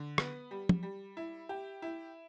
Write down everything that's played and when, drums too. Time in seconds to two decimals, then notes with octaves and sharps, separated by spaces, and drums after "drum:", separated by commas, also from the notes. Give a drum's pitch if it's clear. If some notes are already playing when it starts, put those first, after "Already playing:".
Already playing: D3
0.18 B3, drum: rim click
0.51 G3
0.69 drum: tom
0.83 G3
1.17 E4
1.49 G4
1.82 E4